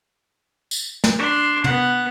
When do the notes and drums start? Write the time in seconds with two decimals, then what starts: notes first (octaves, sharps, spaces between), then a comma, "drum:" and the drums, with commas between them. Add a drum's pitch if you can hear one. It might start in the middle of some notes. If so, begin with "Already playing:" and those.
0.71 drum: tambourine
1.04 drum: snare
1.18 D4 C6
1.64 B3 F#5, drum: tom